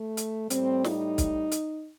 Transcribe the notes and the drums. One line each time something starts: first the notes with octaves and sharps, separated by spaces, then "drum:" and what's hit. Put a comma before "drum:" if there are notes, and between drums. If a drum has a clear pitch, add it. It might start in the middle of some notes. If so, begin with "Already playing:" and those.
Already playing: A3
drum: hi-hat
A2 G3 C4, drum: hi-hat
D#4, drum: snare
drum: kick B1, hi-hat
drum: hi-hat